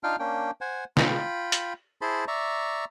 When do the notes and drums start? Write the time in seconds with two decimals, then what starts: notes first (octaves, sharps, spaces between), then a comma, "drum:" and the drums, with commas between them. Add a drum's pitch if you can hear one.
0.04 D4 D#4 F4 F5 G5 F6
0.19 A#3 C#4 D4 G5
0.61 C5 F#5 G#5
0.97 F4 G5 B5, drum: snare
1.52 drum: hi-hat
2.01 E4 G#4 C5 A5 B5 C6
2.28 D5 E5 A#5 C#6